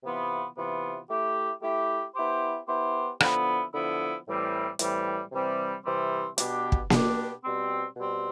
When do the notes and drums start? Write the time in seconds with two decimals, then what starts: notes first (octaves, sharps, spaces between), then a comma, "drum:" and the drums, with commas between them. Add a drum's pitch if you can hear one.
0.03 C3 E3 B3 F4
0.56 C3 E3 B3 F4
1.09 A3 E4 G4
1.62 A3 E4 G4
2.15 B3 E4 G4 C5
2.67 B3 E4 G4 C5
3.20 D3 F3 B3 E4, drum: rim click
3.73 D3 F3 B3 E4
4.26 A2 E3 G3 C4
4.79 A2 E3 G3 C4, drum: hi-hat
5.32 C3 E3 G3 C4
5.85 C3 E3 G3 C4
6.38 B2 B3 D4 G4, drum: hi-hat
6.72 drum: kick
6.90 B2 B3 D4 G4, drum: snare A#3
7.43 B2 G3 C4
7.96 B2 G3 C4